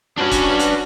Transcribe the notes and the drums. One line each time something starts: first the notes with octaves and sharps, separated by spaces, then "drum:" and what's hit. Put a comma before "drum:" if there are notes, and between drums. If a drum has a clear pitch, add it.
C#4 D4 F#4 B4
drum: kick, hi-hat
drum: hi-hat